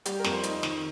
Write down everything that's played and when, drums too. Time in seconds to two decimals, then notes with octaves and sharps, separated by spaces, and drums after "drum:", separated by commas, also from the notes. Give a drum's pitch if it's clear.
0.05 G3 G4, drum: hi-hat
0.19 A#4
0.24 F2, drum: snare
0.32 C5
0.43 D#4, drum: hi-hat
0.63 D#3, drum: snare